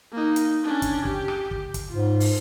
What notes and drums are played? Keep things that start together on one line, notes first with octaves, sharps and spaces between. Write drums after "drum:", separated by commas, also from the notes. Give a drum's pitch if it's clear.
A#3 D#4
drum: hi-hat
C#4 D4
drum: kick, hi-hat
G4, drum: kick
drum: rim click
drum: kick
drum: kick, hi-hat
G#2 F4
drum: open hi-hat